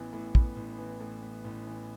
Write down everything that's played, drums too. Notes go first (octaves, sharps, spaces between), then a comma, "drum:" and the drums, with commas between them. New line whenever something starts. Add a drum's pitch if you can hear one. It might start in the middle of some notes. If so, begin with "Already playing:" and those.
Already playing: A1 E3 B3
A2
B3, drum: kick
A1
E3
A2
B3
A1
E3